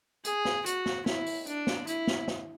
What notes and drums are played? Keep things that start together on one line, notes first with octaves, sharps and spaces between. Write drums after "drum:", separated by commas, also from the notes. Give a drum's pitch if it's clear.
G#4, drum: hi-hat
drum: snare
F#4, drum: hi-hat
drum: snare
E4, drum: snare
drum: open hi-hat
D4, drum: hi-hat
drum: snare
E4, drum: hi-hat
drum: snare
drum: snare